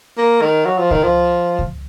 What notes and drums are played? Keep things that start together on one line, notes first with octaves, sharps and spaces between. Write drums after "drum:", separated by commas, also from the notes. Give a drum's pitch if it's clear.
A#3
D#3
F#3
F3
D#3, drum: kick C#2
F3
drum: kick C#2